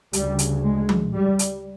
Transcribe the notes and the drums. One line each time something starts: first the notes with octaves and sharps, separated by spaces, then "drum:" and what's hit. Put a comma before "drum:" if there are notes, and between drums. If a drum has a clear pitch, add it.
D2 C#3 G3, drum: hi-hat
drum: hi-hat
G#3
drum: tom F3
G3
drum: hi-hat